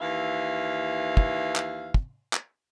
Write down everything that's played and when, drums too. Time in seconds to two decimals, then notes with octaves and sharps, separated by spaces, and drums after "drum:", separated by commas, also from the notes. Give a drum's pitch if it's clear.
0.01 D#2 E3 E5 F5
1.17 drum: kick
1.56 drum: clap
1.94 drum: kick
2.33 drum: clap